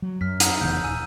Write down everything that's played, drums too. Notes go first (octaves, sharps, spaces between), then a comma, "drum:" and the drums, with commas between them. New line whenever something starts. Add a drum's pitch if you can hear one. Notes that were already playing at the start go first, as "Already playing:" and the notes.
F#3
F#2 F6 B6
A#5 D#6 E6, drum: hi-hat
F1 E2 D#3 G6
D#1 G#5 E6 D#7